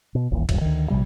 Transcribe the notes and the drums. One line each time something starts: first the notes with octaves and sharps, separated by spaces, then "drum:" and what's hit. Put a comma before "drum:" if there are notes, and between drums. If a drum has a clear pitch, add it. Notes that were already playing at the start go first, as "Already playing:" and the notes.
B2
D#1 A#1 E2
D#1 G2, drum: kick, cymbal
D2 D#3
A#1 D#2 C3 G3